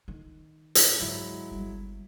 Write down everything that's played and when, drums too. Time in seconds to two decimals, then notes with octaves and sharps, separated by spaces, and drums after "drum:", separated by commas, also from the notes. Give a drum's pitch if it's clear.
0.08 D#3
0.75 drum: hi-hat
1.00 G#2 D3 F#3 G#3 E4
1.51 G1 G3